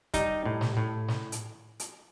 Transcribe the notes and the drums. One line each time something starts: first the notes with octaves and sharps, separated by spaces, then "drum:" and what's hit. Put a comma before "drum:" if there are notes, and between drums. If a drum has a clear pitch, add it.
G3 D#4, drum: kick C#1, hi-hat
A2
drum: snare
A2
drum: snare
drum: hi-hat
drum: hi-hat